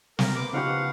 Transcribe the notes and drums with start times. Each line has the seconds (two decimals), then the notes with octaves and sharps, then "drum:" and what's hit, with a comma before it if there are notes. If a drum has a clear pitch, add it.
0.19 A#4, drum: snare
0.36 A#3 B3 C5 D6
0.53 C#3 F3 B3 D#4 F#4 G4 F5 F#5